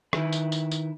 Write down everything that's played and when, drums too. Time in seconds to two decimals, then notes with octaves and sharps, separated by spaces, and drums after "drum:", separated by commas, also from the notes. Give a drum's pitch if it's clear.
0.13 D#3 E4 B4, drum: rim click
0.32 drum: tambourine
0.52 drum: tambourine
0.71 drum: tambourine